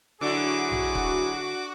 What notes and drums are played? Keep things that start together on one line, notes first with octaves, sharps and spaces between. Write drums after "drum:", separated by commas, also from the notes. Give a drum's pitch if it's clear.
D3 F#3 E4 F#4 G#4 D6
drum: tom A#1
drum: kick